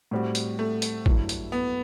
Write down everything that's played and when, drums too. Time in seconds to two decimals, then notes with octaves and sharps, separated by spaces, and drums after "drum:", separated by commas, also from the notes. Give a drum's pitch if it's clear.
0.11 A2 G3 C4 F#4
0.35 drum: hi-hat
0.59 A3
0.82 drum: hi-hat
1.06 G2 F#3 A3 E4, drum: kick
1.29 drum: hi-hat
1.52 B3